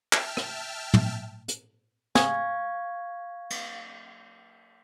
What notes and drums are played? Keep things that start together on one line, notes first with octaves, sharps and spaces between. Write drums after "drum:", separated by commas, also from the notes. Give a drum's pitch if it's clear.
E5 G5 A5 F6, drum: clap
drum: rim click
drum: tom
drum: hi-hat
G#4 F5 C#6 G#6, drum: snare
drum: cymbal